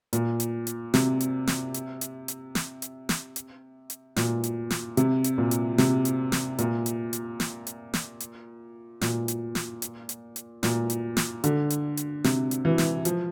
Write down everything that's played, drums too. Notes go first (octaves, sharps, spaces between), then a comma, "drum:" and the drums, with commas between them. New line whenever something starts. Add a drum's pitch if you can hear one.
A#2, drum: hi-hat
drum: hi-hat
drum: hi-hat
C3, drum: snare
drum: hi-hat
drum: snare
drum: hi-hat
drum: hi-hat
drum: hi-hat
drum: snare
drum: hi-hat
drum: snare
drum: hi-hat
drum: hi-hat
A#2, drum: snare
drum: hi-hat
drum: snare
C3, drum: hi-hat
drum: hi-hat
A#2
drum: hi-hat
C3, drum: snare
drum: hi-hat
drum: snare
A#2, drum: hi-hat
drum: hi-hat
drum: hi-hat
drum: snare
drum: hi-hat
drum: snare
drum: hi-hat
A#2, drum: snare
drum: hi-hat
drum: snare
drum: hi-hat
drum: hi-hat
drum: hi-hat
A#2, drum: snare
drum: hi-hat
drum: snare
D3, drum: hi-hat
drum: hi-hat
drum: hi-hat
C3, drum: snare
drum: hi-hat
E3
drum: snare
F3, drum: hi-hat